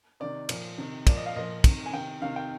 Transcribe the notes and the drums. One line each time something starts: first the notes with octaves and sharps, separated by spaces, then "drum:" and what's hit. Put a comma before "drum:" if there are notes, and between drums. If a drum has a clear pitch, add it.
C3 D#3 D5
A#2 F3, drum: cymbal
C3 D#3
A#2 F3 D5, drum: kick, cymbal
D#5
F5
A#2 F3 D#5
C3 D#3, drum: kick, cymbal
G#5
C3 D#3 G5
C3 D#3 F5
G5